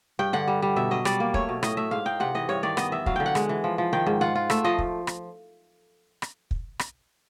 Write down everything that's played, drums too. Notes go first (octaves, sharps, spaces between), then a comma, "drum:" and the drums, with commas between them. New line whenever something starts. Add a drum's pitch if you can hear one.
G2 G5
D3 F#5
G3
G3
B2 E5
F#3 D#5
G3 D5, drum: rim click
A#3
A3 C#5, drum: kick
B2
A2 D#5, drum: rim click
A3 E5
G#2 F5
D#4 G5
C3 F#5
E3 D#5
G2 C#5
D#3 D5
B3 D#5, drum: rim click
E3 E5
F#3 F5, drum: kick
D3 G5
F#5
G#3, drum: rim click
E3
F3
F3
D#3 G5
G#2
F4 F#5
F4
A3 E5, drum: rim click
F3 D#5
drum: kick
drum: rim click
drum: rim click
drum: kick
drum: rim click